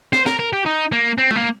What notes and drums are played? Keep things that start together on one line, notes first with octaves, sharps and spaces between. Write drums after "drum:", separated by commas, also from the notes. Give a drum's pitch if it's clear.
C5, drum: snare
A#4, drum: snare
A#4
G4
D#4
A#3
C4
A3, drum: tom G#3
A#3